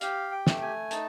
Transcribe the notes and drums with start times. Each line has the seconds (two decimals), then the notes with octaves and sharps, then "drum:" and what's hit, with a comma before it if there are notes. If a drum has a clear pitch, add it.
0.01 G4 F5, drum: hi-hat
0.31 G5
0.47 A3, drum: snare
0.62 G#5
0.91 D#4 A5, drum: hi-hat